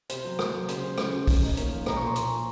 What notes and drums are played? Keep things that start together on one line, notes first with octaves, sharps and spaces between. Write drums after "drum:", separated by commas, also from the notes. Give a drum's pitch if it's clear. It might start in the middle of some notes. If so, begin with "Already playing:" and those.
C3 C5, drum: hi-hat
F#3
A#3, drum: rim click
F#3
C#3 C5, drum: hi-hat
C#4
A3, drum: rim click
C#4
D#4 C#5, drum: kick B1, open hi-hat
D#4
A#3, drum: hi-hat
F3
A#2 A#5, drum: rim click
C#6
A#2 C6
A#2 C#6, drum: hi-hat
A#2